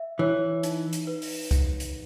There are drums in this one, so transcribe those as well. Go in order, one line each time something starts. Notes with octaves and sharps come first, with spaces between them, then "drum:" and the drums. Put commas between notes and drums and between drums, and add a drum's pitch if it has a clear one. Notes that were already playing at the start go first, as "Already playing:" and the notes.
Already playing: E5
E3 C#5
D#4, drum: hi-hat
drum: hi-hat
B4
drum: open hi-hat
drum: kick C2, hi-hat
drum: hi-hat